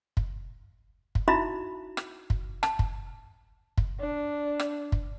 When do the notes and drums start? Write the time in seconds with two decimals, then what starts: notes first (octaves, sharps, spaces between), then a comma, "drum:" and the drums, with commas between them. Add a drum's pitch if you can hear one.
0.17 drum: kick
1.15 drum: kick
1.28 D#4 E4 F#4 E5 B5
1.97 drum: rim click
2.30 drum: kick
2.63 A5, drum: rim click
2.79 drum: kick
3.78 drum: kick
4.00 D4
4.60 drum: rim click
4.92 drum: kick